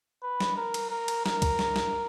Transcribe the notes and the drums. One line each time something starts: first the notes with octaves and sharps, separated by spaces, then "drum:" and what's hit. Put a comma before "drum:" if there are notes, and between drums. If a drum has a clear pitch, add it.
B4
drum: snare
A#4
drum: cymbal
A#4
drum: cymbal
A#4, drum: snare
drum: kick C2, cymbal
drum: snare
drum: snare